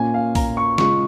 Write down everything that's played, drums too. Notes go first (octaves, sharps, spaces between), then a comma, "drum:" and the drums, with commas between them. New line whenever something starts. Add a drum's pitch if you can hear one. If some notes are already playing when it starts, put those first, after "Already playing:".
Already playing: A#2 A#3 C#4 F4 G#5
F5
A#5, drum: kick A#1, open hi-hat
C#6
C#3 G#3 F4 C#6, drum: snare